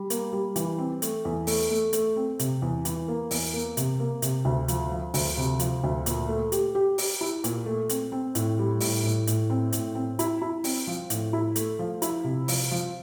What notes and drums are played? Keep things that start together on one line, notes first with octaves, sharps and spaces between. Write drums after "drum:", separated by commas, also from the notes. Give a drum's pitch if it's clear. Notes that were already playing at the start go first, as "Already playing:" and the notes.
Already playing: G3
A#3, drum: hi-hat
G3
E3, drum: hi-hat
C4
A3, drum: hi-hat
E2
A3, drum: open hi-hat
A3
A3, drum: hi-hat
C4
C3, drum: hi-hat
E2
E3, drum: hi-hat
A#3
E2, drum: open hi-hat
A#3
C3, drum: hi-hat
A#3
C3, drum: hi-hat
D2
F3, drum: hi-hat
F3
D2, drum: open hi-hat
C3
F3, drum: hi-hat
D2
A#2, drum: hi-hat
A3
G4, drum: hi-hat
G4
G4, drum: open hi-hat
E4
A#2, drum: hi-hat
A3
C4, drum: hi-hat
C4
A2, drum: hi-hat
G3
A2, drum: open hi-hat
A2
A2, drum: hi-hat
C4
A2, drum: hi-hat
C4
E4, drum: hi-hat
E4
C4, drum: open hi-hat
F3
A2, drum: hi-hat
E4
A3, drum: hi-hat
F3
E4, drum: hi-hat
C3
F3, drum: open hi-hat
F3